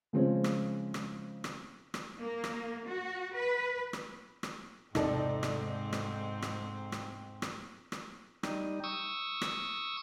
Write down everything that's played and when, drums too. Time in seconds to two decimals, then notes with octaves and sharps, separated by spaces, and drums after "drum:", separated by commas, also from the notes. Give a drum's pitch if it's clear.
0.13 C#3 F3 G#3 C4 C#4
0.44 drum: rim click
0.94 drum: rim click
1.44 drum: rim click
1.94 drum: rim click
2.19 A#3
2.44 drum: rim click
2.86 F#4
3.35 B4
3.93 drum: rim click
4.43 drum: rim click
4.95 E1 G#2 C3 C4 D#4 A4 D5, drum: rim click
5.43 drum: rim click
5.93 drum: rim click
6.42 drum: rim click
6.92 drum: rim click
7.42 drum: rim click
7.92 drum: rim click
8.43 G3 D#4, drum: rim click
8.84 C#6 D#6 E6
9.41 drum: rim click